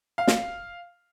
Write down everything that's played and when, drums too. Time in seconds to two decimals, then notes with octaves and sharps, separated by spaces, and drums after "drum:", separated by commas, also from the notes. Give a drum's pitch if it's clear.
0.18 F5
0.27 drum: snare